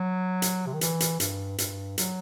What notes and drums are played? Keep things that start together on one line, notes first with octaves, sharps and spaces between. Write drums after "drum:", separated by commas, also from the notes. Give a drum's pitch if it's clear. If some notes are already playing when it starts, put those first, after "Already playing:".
Already playing: F#3
drum: hi-hat
C3
D#3
E3, drum: hi-hat
drum: hi-hat
G2, drum: hi-hat
G2, drum: hi-hat
F#3, drum: hi-hat